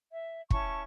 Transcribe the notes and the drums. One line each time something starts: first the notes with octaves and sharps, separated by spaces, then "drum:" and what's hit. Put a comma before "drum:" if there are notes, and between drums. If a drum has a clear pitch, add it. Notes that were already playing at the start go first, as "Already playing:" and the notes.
E5
C#4 E4 A5 C#6, drum: kick